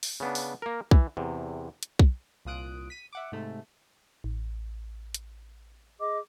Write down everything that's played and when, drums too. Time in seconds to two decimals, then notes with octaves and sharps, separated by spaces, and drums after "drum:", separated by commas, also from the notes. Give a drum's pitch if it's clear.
0.03 drum: open hi-hat
0.20 C#3 B3 D4
0.35 drum: open hi-hat
0.62 A#3 A#4
0.91 E3, drum: kick B1
1.17 E2 C3
1.83 drum: hi-hat
1.99 drum: kick B1
2.45 C2 A#2 F4 D#6 F#6 D7
2.90 B6 D#7
3.13 E5 F#5 D6
3.32 G#2 C3 A3
4.24 A1
5.14 drum: hi-hat
6.00 G#4 D#5 D6